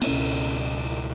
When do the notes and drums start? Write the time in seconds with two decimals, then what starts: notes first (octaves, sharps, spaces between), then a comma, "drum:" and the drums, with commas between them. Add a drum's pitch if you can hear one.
0.02 B3, drum: cymbal
0.06 C#2 B2 C#4